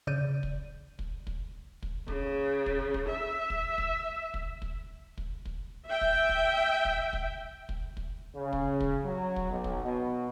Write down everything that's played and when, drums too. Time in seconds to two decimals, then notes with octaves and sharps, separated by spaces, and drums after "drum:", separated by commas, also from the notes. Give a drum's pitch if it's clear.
0.07 C#3 D5 G6 D#7
0.43 drum: kick
0.99 drum: kick
1.27 drum: kick
1.83 drum: kick
2.08 C#3, drum: kick
2.66 drum: kick
2.94 drum: kick
3.08 E5
3.50 drum: kick
3.78 drum: kick
4.34 drum: kick
4.62 drum: kick
5.18 drum: kick
5.45 drum: kick
5.86 E5 G5
6.01 drum: kick
6.29 drum: kick
6.85 drum: kick
7.13 drum: kick
7.69 drum: kick
7.97 drum: kick
8.35 C#3
8.53 drum: kick
8.80 drum: kick
9.05 F#3
9.36 drum: kick
9.50 B1
9.64 drum: kick
9.84 B2